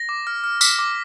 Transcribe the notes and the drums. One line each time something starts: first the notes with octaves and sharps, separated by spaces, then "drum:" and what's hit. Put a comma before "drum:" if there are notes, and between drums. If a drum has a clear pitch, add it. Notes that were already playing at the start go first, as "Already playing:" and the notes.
Already playing: A#6
D6
F6
F6
D6 B6, drum: tambourine
D6